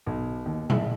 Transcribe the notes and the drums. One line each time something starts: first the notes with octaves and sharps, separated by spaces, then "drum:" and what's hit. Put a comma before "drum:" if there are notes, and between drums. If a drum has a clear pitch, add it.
B1
D#2
A1 G#4 E5, drum: tom A#2